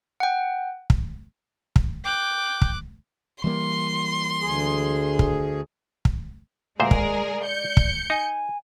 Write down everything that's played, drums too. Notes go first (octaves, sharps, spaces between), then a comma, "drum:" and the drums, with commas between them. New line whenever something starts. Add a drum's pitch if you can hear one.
F#5 G5
drum: kick
drum: kick
G5 D6 F#6
drum: kick
E3 G3 A#3 C6
D2 G#4
drum: kick
drum: kick
D2 A#2 G#3 G#4 A#4 C5 D5
drum: kick
G6 C#7
drum: kick
D#4 G#5